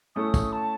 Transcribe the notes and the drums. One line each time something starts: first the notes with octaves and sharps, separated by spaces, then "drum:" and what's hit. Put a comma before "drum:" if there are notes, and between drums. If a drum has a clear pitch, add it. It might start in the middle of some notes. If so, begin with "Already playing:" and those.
A3 C#4 E4 A4 D#6
drum: kick, tambourine
A5